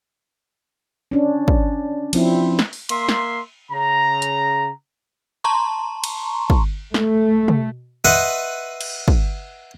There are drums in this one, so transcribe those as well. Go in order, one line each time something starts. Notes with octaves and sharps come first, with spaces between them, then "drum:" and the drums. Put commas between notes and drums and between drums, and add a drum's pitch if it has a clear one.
C#4 D4
drum: kick
F3 C4 E4, drum: cymbal
drum: snare
drum: open hi-hat
A#3 E5 C6, drum: cymbal
drum: snare
C#3 A#5
drum: hi-hat
A5 A#5 C6 C#6
drum: cymbal
drum: kick
A3, drum: snare
drum: tom
B4 D#5 E5 F#5 C6
drum: cymbal
drum: kick